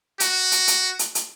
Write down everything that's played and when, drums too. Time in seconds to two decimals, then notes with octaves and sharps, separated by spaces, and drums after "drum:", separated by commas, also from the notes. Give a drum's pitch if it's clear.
0.20 F#4, drum: hi-hat
0.52 drum: hi-hat
0.68 drum: hi-hat
0.99 drum: hi-hat
1.15 drum: hi-hat